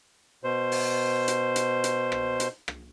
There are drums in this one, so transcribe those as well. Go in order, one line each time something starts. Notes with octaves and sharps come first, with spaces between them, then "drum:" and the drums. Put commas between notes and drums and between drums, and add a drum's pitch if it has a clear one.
B2 C5
drum: open hi-hat
drum: hi-hat
drum: hi-hat
drum: hi-hat
drum: rim click
drum: hi-hat
drum: rim click